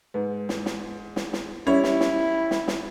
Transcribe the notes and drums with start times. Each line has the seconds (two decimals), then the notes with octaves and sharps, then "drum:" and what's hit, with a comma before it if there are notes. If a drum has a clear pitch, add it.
0.14 G#2 B4
0.49 drum: snare
0.66 drum: snare
1.16 drum: snare
1.33 drum: snare
1.67 G3 C#4 E4 C#5
1.84 drum: snare
2.00 drum: snare
2.51 drum: snare
2.68 drum: snare